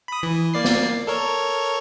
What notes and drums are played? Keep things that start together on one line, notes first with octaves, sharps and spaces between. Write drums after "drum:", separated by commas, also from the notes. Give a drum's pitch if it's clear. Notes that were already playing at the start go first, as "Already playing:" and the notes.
B5 D#6
E3
A#3 D5 C7
drum: snare
A4 A#4 C#5